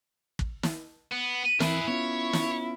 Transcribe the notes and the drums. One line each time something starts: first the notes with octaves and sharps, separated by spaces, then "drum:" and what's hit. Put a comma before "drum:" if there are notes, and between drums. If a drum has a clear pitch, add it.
drum: kick
drum: snare
B3
E3 C4 E4 G#4 A#4 B4, drum: snare
B3 C#4 F4 C#5
drum: snare